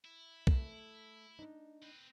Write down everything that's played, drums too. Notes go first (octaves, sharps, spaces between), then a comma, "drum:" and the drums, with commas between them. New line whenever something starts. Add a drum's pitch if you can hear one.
E4
A3, drum: kick B1
D4 D#4
C4 B4